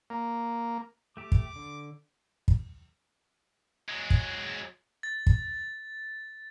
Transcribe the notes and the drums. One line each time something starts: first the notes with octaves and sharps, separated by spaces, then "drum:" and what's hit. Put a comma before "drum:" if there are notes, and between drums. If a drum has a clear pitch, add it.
A#3
A3 G4 D6
drum: kick
D3
drum: kick
F#3 G#3
drum: kick
A6
drum: kick